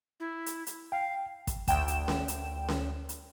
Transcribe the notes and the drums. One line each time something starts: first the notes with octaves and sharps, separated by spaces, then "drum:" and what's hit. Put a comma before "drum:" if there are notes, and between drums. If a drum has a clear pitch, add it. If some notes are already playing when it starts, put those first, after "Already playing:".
E4
drum: hi-hat
drum: hi-hat
F5 G5
drum: kick, hi-hat
D2 G5 E7, drum: kick, hi-hat
drum: hi-hat
drum: snare C#4
drum: hi-hat
drum: snare C#4
drum: hi-hat